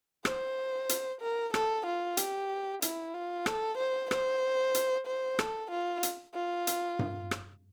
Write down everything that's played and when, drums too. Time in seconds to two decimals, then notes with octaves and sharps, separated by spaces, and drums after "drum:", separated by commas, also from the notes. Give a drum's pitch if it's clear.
0.25 C5, drum: rim click
0.89 drum: hi-hat
1.21 A#4
1.54 A4, drum: rim click
1.86 F4
2.17 G4, drum: hi-hat
2.82 E4, drum: hi-hat
3.14 F4
3.46 A4, drum: rim click
3.78 C5
4.11 C5, drum: rim click
4.75 drum: hi-hat
5.07 C5
5.39 A4, drum: rim click
5.71 F4
6.03 drum: hi-hat
6.34 F4
6.67 drum: hi-hat
6.99 drum: tom G2
7.31 drum: rim click